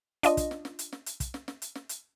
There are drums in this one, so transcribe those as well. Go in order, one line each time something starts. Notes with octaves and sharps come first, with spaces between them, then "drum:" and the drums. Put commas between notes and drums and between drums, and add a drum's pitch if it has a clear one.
D4 F4 D#5, drum: hi-hat
drum: kick, hi-hat
drum: snare
drum: snare
drum: hi-hat
drum: snare
drum: hi-hat
drum: kick, hi-hat
drum: snare
drum: snare
drum: hi-hat
drum: snare
drum: hi-hat